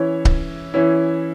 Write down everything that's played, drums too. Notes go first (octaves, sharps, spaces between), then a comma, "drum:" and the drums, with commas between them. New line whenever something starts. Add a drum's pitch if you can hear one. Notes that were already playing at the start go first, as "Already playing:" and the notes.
Already playing: E3 C#4 E4 C#5
drum: kick C#1
E3 C#4 E4